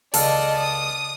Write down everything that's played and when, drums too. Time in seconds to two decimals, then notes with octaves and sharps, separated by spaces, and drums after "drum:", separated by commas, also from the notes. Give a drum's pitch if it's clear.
0.14 C#2 A4 D5 D#5 F5 C#6, drum: open hi-hat
0.58 D#6